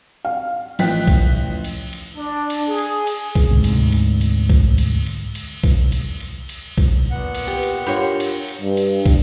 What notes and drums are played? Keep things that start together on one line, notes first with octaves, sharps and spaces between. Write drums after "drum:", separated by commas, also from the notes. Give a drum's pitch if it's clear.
F5
A1 F3 D#5 G5 F#6 B6, drum: cymbal
drum: kick, cymbal
drum: cymbal
drum: cymbal
D4
drum: cymbal
G#4
drum: cymbal
drum: cymbal
drum: kick, cymbal
D2 G#2 C3
drum: cymbal
drum: cymbal
drum: cymbal
drum: kick, cymbal
drum: cymbal
drum: cymbal
drum: cymbal
drum: kick, cymbal
drum: cymbal
drum: cymbal
drum: cymbal
drum: kick, cymbal
A#2 B3 F#5
drum: cymbal
G4 B4
drum: cymbal
D4 F4 G4 A#4 C#5 G5 D6
drum: cymbal
drum: cymbal
G2
drum: cymbal
drum: kick, cymbal